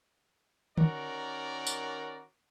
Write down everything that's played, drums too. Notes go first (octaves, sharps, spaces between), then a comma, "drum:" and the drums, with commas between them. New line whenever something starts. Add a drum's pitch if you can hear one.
D#3 C#4 F#4 A#4 D5, drum: tom D3
drum: tambourine